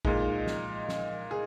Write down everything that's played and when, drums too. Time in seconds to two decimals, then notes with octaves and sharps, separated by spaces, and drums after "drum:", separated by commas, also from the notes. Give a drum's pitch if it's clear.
0.05 A#2 G#3 D#4, drum: kick A1
0.47 drum: snare
0.88 drum: snare
1.31 G#4